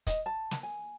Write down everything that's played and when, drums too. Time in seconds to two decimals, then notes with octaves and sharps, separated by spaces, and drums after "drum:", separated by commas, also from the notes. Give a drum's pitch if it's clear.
0.07 D#5, drum: kick, hi-hat
0.26 A5
0.51 drum: snare
0.63 G#5